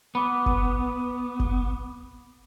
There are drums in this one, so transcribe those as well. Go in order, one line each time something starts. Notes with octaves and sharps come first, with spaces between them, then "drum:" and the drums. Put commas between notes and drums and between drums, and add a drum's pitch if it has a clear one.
B3 B5 D6 D#6
drum: kick F#1
drum: kick F#1